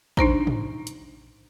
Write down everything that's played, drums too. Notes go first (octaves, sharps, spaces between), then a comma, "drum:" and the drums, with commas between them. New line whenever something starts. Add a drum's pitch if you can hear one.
D4 D#4 C5 A#5, drum: kick A1
drum: tom
drum: hi-hat